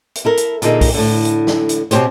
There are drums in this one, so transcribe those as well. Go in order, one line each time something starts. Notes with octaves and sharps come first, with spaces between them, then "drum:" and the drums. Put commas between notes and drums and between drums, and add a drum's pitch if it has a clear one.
drum: hi-hat
E4 A4 A#4
drum: hi-hat
A#2 D3 A#3 D#4 G#4 E5, drum: hi-hat
drum: kick, open hi-hat
A2 D3
drum: hi-hat
drum: snare
drum: hi-hat
B2 C4 G4 C5 C#5, drum: hi-hat